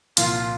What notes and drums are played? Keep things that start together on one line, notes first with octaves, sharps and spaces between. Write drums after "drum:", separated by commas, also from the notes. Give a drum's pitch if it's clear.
C2 A#2 F3 F4, drum: hi-hat